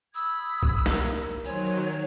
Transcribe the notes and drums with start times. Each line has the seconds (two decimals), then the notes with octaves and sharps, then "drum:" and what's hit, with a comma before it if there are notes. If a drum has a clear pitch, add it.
0.15 B5 D#6 E6 G#6
0.63 drum: kick C2
0.86 G3 A#3, drum: snare
1.45 D#3 F#3 C5 C#5 G#5